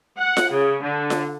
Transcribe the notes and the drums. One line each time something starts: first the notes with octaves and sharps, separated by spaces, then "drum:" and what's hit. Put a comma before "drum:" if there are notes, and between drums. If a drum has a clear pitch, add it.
F#5
drum: snare F4
C#3
D3
drum: snare F4